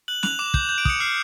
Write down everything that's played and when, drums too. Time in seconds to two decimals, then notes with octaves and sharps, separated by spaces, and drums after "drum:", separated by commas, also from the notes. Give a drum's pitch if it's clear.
0.08 F#6 F#7
0.23 F#6 F7, drum: snare
0.39 D6 E7
0.54 G6 E7, drum: kick
0.69 G6
0.78 D7
0.85 D#6 C#7, drum: kick
1.00 F6 C7